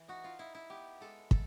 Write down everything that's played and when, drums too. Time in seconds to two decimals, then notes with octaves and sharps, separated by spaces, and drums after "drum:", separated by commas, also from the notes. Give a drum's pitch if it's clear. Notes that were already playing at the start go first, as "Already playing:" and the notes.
Already playing: E3
0.08 D#4 F#4
0.24 F4
0.39 D#4 E4
0.55 E4
0.70 B3 G4
1.01 G#3 A4
1.31 A4, drum: kick